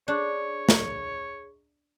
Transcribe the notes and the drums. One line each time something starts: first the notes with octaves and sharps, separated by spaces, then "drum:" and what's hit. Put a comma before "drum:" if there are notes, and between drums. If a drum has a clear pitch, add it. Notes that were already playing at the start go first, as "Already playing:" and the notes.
D4 G#4 C#5 C#6
drum: snare